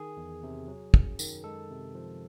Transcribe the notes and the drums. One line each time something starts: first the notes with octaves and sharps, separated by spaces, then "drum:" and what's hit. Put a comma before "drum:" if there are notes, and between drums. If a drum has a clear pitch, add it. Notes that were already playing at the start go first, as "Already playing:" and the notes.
Already playing: D#3 G#4
E2
C3
F#3
F#2, drum: kick
D#3, drum: tambourine
G#3 A4
C3
F3